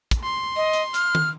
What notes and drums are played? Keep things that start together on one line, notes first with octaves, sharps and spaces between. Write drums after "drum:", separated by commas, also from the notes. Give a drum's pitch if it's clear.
drum: kick, hi-hat
C6
D#5
drum: hi-hat
F6, drum: hi-hat
drum: tom D#3